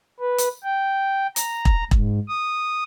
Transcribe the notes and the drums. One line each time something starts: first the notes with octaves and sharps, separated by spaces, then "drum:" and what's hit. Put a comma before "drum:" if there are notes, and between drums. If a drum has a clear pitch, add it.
B4
drum: hi-hat
G5
A#5, drum: hi-hat
drum: kick E1
G#2, drum: kick E1
D#6